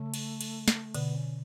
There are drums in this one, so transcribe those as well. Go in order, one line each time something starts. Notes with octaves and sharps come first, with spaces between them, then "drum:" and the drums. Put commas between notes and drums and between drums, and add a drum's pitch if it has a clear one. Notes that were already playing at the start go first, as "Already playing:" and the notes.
Already playing: C#3 A3
drum: cymbal
drum: cymbal
drum: snare
B2 D3 B3, drum: cymbal
C#4